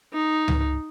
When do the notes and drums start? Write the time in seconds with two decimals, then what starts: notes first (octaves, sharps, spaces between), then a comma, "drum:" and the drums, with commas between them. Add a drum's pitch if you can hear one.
0.13 D#4
0.48 drum: tom C#2